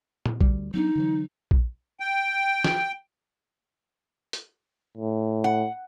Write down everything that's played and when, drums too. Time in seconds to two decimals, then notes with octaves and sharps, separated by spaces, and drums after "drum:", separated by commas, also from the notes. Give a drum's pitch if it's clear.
0.26 drum: tom A#2
0.41 D2 G3, drum: kick A#1
0.74 F#3 B3 D4 D#4
0.95 D3 E3 F#3
1.51 drum: kick A#1
2.00 G5
2.64 drum: snare
4.33 drum: hi-hat
4.97 A2
5.44 F#5